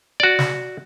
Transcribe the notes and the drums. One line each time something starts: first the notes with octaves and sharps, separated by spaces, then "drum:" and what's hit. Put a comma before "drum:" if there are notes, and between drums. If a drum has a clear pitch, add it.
F#4 D5
drum: snare